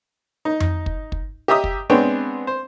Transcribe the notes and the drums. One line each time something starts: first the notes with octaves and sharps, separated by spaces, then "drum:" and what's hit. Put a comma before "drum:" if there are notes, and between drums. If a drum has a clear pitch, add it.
D#4
drum: tom F2
drum: kick
drum: kick
G4 D#5 E5 A#5 D#6
drum: kick
G#3 B3 C4 D4 C#5 G5
C5